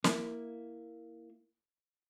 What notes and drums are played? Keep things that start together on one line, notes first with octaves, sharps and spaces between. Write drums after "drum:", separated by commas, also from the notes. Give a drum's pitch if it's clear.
A#3 E4, drum: snare